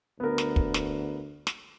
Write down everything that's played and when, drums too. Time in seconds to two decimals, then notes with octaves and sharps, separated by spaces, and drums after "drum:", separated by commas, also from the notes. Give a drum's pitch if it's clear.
0.20 D2 B3 A#4
0.38 drum: snare
0.56 drum: kick
0.74 drum: snare
1.47 drum: snare